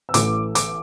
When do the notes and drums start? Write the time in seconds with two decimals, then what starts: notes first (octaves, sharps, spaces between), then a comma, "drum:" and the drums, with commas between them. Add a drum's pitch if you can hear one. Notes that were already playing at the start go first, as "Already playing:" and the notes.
0.09 E6
0.14 A1 A2 E3 D6, drum: hi-hat
0.55 D6, drum: hi-hat